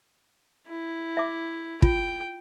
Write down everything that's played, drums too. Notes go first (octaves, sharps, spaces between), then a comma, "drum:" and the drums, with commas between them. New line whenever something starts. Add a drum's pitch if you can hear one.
E4
E5 D6
F4 G5, drum: kick